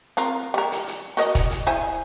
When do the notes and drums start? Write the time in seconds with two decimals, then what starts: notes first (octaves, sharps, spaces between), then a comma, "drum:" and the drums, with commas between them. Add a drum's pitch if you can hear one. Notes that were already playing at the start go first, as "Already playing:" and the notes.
0.17 C4 F4 A#4
0.54 G3 A#4
0.72 drum: hi-hat
0.88 drum: hi-hat
1.17 F#4 A#4 D#5, drum: hi-hat
1.35 drum: kick, hi-hat
1.51 drum: hi-hat
1.67 E4 C5 G#5